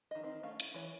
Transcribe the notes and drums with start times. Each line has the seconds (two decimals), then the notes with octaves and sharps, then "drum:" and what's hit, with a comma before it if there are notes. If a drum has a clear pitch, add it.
0.11 D#3 D#5
0.23 D#3 C4
0.43 A3 C#4 F5
0.60 E4, drum: hi-hat
0.74 E3 C#5